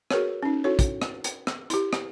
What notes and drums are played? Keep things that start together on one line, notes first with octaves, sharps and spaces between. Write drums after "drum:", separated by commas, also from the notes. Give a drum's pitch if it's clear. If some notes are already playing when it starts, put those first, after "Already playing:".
F#4 G#4 A#4 B4 C#5, drum: rim click
C#4 D#4
E4 F#4 A4 C#5
drum: kick, hi-hat
drum: rim click
drum: hi-hat
drum: rim click
E4 G4, drum: hi-hat
drum: rim click